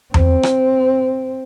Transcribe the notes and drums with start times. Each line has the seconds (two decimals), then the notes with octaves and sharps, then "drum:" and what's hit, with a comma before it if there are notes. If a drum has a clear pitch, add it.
0.14 C4, drum: tom E2
0.43 drum: rim click